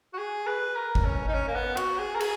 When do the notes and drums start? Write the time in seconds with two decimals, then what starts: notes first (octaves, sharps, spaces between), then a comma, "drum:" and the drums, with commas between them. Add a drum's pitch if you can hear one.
0.13 F#4
0.18 G#4
0.47 B4
0.75 A#4
0.95 drum: kick G#1
1.05 C#4
1.28 D#4
1.34 C#4
1.48 A#3
1.55 B3
1.77 F#4, drum: cymbal
1.99 G#4
2.15 A#4
2.20 G#4, drum: cymbal